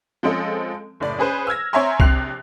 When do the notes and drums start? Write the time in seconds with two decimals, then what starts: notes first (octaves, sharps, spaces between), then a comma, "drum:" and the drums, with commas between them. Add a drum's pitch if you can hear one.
0.23 F3 G#3 C4 C#4 A4 D#5
1.00 F#1 A2 D5
1.19 C#4 G#4 B4 C5
1.47 E6 F6 G#6 A#6
1.73 C4 C#5 E5 G#5 A#5 C6
2.00 A#1 C3 G4 F#6 C7 F7, drum: kick C2